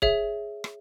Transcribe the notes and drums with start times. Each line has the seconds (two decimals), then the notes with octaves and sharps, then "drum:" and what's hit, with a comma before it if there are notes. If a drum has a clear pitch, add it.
0.02 G#4 C#5 E5, drum: kick C#1
0.64 drum: rim click